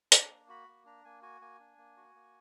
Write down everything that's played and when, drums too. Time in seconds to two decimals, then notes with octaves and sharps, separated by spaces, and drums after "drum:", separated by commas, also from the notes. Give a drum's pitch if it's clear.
0.12 D4 A#5, drum: hi-hat
0.30 A#3
0.49 F#4 B5
0.68 A#3
0.85 D4 A#5
1.05 A#3 G#5
1.22 F#4 G#5
1.41 A#3 G#5
1.60 D4
1.78 A#3
1.97 F#4
2.15 A#3